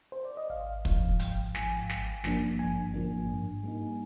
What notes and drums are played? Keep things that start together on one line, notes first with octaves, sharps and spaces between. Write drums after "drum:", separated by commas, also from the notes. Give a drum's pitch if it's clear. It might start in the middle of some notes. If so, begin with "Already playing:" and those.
C5
D5
D#5
G#1 F5
G#2 F3, drum: kick
G#1 G5, drum: hi-hat
G#2 F3 G#5, drum: snare
G#1, drum: snare
G2 F3 A#3 D4, drum: snare
G#1 G#5
G2 F3 A#3 D4
G#2
G3 A#3 D#4